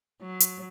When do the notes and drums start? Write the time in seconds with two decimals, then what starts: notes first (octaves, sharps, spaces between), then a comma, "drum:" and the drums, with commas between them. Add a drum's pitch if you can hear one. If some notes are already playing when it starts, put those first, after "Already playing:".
0.22 F#3
0.40 drum: hi-hat